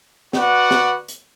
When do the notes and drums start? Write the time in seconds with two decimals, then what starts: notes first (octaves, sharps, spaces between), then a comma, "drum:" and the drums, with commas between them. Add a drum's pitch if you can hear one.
0.33 F#4 B4 D5 F#5, drum: snare
0.71 drum: snare
1.08 drum: hi-hat